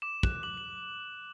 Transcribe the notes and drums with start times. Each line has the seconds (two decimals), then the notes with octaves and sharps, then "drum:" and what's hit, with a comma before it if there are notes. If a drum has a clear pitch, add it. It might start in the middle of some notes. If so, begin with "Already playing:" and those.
0.02 D6 E7
0.23 F#6, drum: kick
0.43 D6 F#7
0.57 F#7